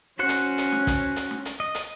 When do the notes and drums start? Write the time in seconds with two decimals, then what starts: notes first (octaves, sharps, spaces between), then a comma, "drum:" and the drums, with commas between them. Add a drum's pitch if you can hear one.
0.19 C#4 F#4 C5 F#5
0.29 drum: hi-hat
0.58 drum: hi-hat
0.72 drum: snare
0.87 drum: kick, hi-hat
1.16 drum: hi-hat
1.31 drum: snare
1.45 drum: hi-hat
1.60 D#5
1.75 drum: hi-hat